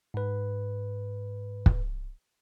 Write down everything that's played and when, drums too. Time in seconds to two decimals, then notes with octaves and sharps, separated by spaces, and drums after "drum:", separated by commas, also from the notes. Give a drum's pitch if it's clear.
0.14 G#2 B4
1.66 drum: kick